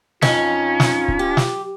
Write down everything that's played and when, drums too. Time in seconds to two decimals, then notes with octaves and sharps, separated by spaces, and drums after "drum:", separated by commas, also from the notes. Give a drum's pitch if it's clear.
0.22 F2 C#4 D#4 F4, drum: snare
0.80 drum: snare
1.08 drum: kick
1.19 G4
1.37 drum: snare